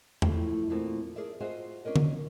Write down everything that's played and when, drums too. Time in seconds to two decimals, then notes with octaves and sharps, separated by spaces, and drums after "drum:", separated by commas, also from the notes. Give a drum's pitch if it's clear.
0.22 E3 F3 A3, drum: tom
0.70 F2 A#2 E3 F3 A3 A#3
1.16 G#4 A#4 D5 E5
1.40 F4 F#4 G#4 C5 D#5 E5
1.85 C#4 D4 A#4 D#5
1.96 drum: tom